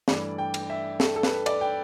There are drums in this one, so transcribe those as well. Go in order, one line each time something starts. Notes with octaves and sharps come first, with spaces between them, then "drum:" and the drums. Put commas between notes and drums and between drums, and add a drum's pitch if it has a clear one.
G2 E3 A3 D5, drum: snare
G5
drum: cymbal
E5
A4, drum: snare
A4
B4, drum: snare
D5, drum: cymbal
G5